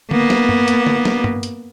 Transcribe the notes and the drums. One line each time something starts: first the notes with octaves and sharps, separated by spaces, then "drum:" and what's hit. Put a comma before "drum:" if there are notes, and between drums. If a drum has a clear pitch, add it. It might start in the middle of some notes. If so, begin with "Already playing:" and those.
A#3 B3, drum: tom D3
drum: snare
drum: tom G2
drum: hi-hat
drum: tom
drum: snare
drum: tom G2
drum: hi-hat